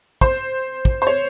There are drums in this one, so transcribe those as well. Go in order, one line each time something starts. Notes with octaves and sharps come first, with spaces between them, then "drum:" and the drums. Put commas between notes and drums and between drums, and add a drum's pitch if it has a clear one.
C5, drum: kick
drum: kick
C5
C#5